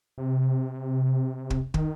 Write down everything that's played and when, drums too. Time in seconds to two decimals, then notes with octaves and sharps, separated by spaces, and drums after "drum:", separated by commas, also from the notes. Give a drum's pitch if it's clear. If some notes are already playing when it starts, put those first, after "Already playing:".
0.18 C3
1.50 drum: kick
1.74 D#3, drum: kick